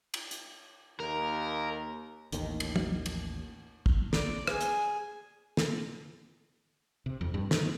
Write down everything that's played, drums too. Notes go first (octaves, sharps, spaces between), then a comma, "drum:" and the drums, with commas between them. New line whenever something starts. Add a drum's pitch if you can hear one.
drum: cymbal
drum: hi-hat
D#2 A#4
A1 D#2 D#3, drum: hi-hat
drum: cymbal
drum: tom
drum: cymbal
drum: kick
D5, drum: snare
G#4 G#5, drum: rim click
drum: hi-hat
drum: snare
C3
F2
G2
D#3, drum: snare